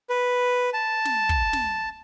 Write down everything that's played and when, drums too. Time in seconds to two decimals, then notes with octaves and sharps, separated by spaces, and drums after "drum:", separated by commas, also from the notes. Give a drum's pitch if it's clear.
0.10 B4
0.73 A5
1.05 drum: snare
1.29 drum: kick
1.53 drum: snare